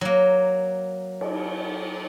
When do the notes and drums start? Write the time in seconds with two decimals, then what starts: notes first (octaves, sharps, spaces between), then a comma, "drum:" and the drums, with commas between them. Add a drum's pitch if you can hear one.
0.01 F#3 A#3
1.21 drum: cymbal